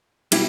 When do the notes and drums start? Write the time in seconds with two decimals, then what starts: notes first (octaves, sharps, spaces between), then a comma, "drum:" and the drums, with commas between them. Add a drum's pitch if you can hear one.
0.32 B2 G3 E4 G4, drum: cymbal